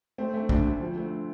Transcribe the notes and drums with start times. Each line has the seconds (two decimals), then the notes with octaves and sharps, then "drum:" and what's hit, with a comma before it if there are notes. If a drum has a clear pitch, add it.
0.18 A3 C4
0.34 A3
0.49 D2 D4, drum: kick
0.65 D2
0.80 F3
0.96 A3